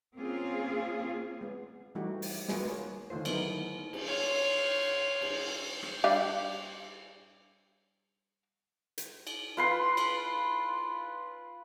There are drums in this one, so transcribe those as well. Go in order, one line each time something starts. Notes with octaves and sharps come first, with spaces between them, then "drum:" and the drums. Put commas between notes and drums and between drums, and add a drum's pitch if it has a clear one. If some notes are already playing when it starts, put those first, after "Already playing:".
A#3 C4 C#4 F4 G#4
G#3 B3
E3 G3 A3 D#4 F#4 G4
drum: open hi-hat
A#3 B3 F4 F#4 G#4 B4, drum: snare
G#3 C#5
D3 D#3 A3 F4 C5
F#3 A#3 B3 D#4 E4, drum: cymbal
drum: cymbal
F4 C#5
drum: cymbal
drum: rim click
G3 D4 F5
drum: hi-hat
drum: cymbal
F4 B4 C6
drum: cymbal